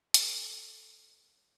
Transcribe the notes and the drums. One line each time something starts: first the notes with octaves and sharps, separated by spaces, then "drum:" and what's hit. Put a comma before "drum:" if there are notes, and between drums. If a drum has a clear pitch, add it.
A4 C#5, drum: hi-hat